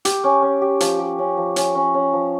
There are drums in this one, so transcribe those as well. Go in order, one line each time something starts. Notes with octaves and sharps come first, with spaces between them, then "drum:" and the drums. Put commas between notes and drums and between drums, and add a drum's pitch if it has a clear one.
G4, drum: hi-hat
C#4
C#4
G4
F3, drum: hi-hat
G4
C#4
F3
C#4, drum: hi-hat
C#4
C#4
F3